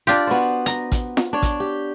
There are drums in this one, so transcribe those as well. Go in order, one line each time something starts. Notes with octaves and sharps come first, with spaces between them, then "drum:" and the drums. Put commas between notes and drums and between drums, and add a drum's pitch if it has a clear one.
D4 F4 G4 D5
B3 F#4 C5
A#5, drum: hi-hat
drum: kick, hi-hat
drum: snare F4
D4 C#5
drum: kick, hi-hat
G4